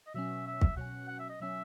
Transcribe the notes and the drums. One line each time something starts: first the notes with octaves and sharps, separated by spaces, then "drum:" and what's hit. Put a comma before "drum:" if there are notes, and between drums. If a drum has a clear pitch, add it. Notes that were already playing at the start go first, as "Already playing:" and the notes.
D#5
B2 F#3 C#4 E5
E5
drum: kick
B2 F#3 C#4 F#5
F#5
E5
D#5
B2 F#3 C#4 E5